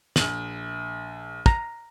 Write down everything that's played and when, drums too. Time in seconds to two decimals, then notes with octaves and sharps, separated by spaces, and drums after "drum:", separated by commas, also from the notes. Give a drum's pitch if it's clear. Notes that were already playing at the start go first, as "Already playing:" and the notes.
0.16 A#1 F#7, drum: snare
1.46 A#5, drum: kick